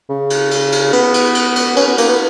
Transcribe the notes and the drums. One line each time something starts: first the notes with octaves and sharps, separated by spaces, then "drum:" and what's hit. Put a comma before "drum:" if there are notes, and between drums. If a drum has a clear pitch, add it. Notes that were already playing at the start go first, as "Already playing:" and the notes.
C#3
drum: cymbal
drum: cymbal
drum: cymbal
B3, drum: cymbal
drum: cymbal
drum: cymbal
drum: cymbal
C#4, drum: cymbal
B3
A#3, drum: cymbal
B3